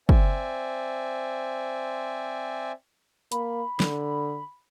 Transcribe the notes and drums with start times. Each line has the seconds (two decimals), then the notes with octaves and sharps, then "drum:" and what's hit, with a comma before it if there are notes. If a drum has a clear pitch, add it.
0.09 C4 C5 D5 E5 G#5, drum: kick
3.32 A#3 B5, drum: hi-hat
3.80 D3, drum: snare